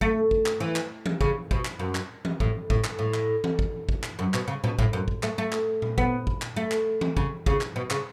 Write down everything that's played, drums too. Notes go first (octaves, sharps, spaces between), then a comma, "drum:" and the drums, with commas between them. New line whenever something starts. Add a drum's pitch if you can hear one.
A3, drum: kick
drum: kick
drum: clap
E3
drum: clap
drum: tom E3
C#3, drum: kick
B2, drum: kick
drum: clap
F#2
drum: clap
drum: tom E3
A2, drum: kick
A2, drum: kick
drum: clap
A2
drum: clap
drum: tom E3
drum: kick
drum: kick
drum: clap
F#2
B2, drum: clap
C#3
B2, drum: tom A2
A2, drum: kick
F#2
drum: kick
A3, drum: clap
A3
drum: clap
drum: tom A#2
B3, drum: kick
drum: kick
drum: clap
A3
drum: clap
drum: tom E3
C#3, drum: kick
C#3, drum: kick
drum: clap
B2
C#3, drum: clap